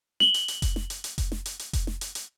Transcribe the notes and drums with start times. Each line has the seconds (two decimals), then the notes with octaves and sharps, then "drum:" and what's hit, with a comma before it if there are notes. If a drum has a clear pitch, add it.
0.20 F#7 G7, drum: snare
0.34 drum: hi-hat
0.48 drum: hi-hat
0.62 drum: kick F1, hi-hat
0.76 drum: snare
0.90 drum: hi-hat
1.04 drum: hi-hat
1.18 drum: kick F1, hi-hat
1.32 drum: snare
1.46 drum: hi-hat
1.59 drum: hi-hat
1.73 drum: kick F1, hi-hat
1.87 drum: snare
2.01 drum: hi-hat
2.15 drum: hi-hat